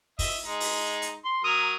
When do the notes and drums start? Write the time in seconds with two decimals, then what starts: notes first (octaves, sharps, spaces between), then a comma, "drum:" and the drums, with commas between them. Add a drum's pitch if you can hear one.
0.19 D#5 E5, drum: kick, open hi-hat
0.44 G#3 D#4
0.60 drum: open hi-hat
1.02 drum: hi-hat
1.24 C6
1.44 F#3 A#4 D#6